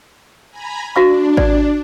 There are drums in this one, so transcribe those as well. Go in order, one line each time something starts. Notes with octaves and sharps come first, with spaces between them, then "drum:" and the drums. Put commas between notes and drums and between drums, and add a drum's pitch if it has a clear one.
G#5 A#5 B5
D4 F#4 F5 C#6
D5, drum: kick G#1